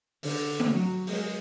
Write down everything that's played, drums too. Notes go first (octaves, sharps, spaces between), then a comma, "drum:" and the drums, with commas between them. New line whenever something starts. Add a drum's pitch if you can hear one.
D3, drum: open hi-hat
drum: tom
F#3
G#3, drum: open hi-hat